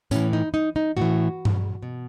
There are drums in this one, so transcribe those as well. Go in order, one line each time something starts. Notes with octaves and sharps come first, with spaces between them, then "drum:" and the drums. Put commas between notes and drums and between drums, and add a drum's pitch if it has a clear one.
A2 E3 C#4, drum: tambourine
D#4
D#4
D#4
A2 E3 F#4
drum: tom G2
B2